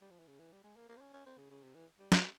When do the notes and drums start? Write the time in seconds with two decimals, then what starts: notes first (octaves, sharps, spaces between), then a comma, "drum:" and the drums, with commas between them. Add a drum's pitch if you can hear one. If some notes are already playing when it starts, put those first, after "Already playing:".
0.01 G3
0.10 F3
0.19 E3
0.28 C#3
0.39 E3
0.53 G3
0.64 G#3
0.76 A#3
0.89 A#3
0.97 C4
1.01 C#4
1.13 C#4
1.26 C4
1.38 C#3
1.51 C#3
1.63 C3
1.75 E3
1.99 G3
2.12 drum: snare